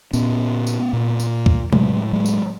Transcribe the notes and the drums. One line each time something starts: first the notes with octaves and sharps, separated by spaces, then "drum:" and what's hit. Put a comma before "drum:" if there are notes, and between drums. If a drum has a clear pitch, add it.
A#2 B3 C#4, drum: tambourine
drum: tambourine
A#2
drum: tambourine
drum: kick C#2
A2 F#3 G#3, drum: tom
F#3 G#3
drum: tambourine